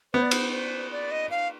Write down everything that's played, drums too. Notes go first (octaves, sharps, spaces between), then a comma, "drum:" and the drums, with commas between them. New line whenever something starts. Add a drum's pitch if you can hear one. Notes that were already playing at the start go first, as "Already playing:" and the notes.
B3 C5
D5
C5, drum: cymbal
C5
D5
D#5
F5